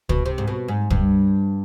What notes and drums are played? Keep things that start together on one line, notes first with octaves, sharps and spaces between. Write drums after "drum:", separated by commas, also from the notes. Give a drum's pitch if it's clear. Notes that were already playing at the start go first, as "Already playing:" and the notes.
B2, drum: kick
C3
G#2
B2
G#2
G2, drum: kick